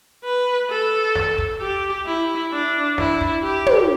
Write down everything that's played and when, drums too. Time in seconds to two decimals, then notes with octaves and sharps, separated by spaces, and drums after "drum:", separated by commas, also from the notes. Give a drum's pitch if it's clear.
0.24 B4
0.70 A4
1.15 drum: snare
1.38 drum: kick
1.61 G4
2.06 E4
2.52 D4
2.98 E4, drum: snare
3.21 drum: kick
3.43 G4
3.66 drum: tom